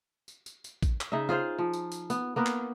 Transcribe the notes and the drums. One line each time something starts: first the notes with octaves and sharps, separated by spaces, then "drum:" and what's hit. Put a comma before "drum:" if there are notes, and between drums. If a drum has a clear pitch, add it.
drum: tambourine
drum: tambourine
drum: tambourine
drum: kick, tambourine
drum: clap
C#3 D#4 D#5 E5
F4 G#4 C5 F5
F3
drum: tambourine
drum: tambourine
B3, drum: tambourine
A#3 B3 A#4 B4
drum: clap